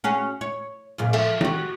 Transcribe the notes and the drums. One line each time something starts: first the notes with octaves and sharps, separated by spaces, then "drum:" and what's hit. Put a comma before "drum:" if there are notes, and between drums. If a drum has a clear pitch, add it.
C#4 F#4 G#4
C#5
F#2 A#2 C#3
F3 A4 E5, drum: cymbal
F#4 G4, drum: snare